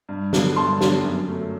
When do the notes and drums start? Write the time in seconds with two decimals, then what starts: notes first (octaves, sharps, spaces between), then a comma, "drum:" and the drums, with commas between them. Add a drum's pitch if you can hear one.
0.09 G2
0.33 D3 F#3 B3 D4, drum: snare
0.56 G2 A5 C6
0.81 D3 F#3 B3 D4, drum: snare
1.04 F#2
1.28 F#3 A3